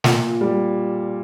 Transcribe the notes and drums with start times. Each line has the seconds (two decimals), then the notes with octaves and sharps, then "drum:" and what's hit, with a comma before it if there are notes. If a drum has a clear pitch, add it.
0.04 A#2, drum: snare
0.41 G3